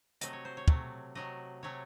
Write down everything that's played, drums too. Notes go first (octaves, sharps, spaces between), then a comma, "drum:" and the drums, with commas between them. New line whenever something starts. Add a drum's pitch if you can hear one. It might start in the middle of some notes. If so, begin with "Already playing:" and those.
C3 F#3 A3 D#5, drum: hi-hat
C#5
C5
C#5
C3 F#3 A3, drum: kick
C3 F#3 A3 D#5
C3 F#3 A3 C#5